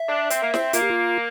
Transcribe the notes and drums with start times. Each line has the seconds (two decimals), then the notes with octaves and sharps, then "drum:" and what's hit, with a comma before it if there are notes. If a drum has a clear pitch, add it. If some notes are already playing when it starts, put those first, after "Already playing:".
Already playing: E5
0.08 D4
0.30 C4, drum: hi-hat
0.42 A#3
0.54 C4, drum: snare
0.73 A#3 F4, drum: hi-hat
0.82 G4
0.90 F4